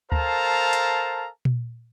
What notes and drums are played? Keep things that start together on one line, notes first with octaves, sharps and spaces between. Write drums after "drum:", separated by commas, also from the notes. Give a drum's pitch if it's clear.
A4 A#4 C5 F5 A5 A#5, drum: kick D2
drum: hi-hat
drum: tom A#2